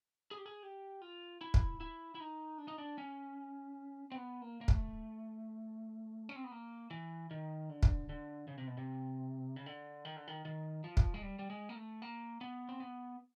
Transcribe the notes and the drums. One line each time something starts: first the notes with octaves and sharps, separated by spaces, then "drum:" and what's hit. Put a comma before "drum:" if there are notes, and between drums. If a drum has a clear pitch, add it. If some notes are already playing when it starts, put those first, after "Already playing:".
G#4
G4
G#4
G4
F4
E4
drum: kick
E4
E4
D#4
D4
D#4
D4
C#4
C4
B3
A#3
A#3
A3, drum: kick
C#4
C4
B3
A#3
E3
D#3
D3
drum: kick
D3
C#3
C3
B2
C3
C#3
D3
D#3
D3
D#3
D#3
F3
drum: kick
G#3
G3
G3
G#3
A#3
A3
A#3
B3
C4
B3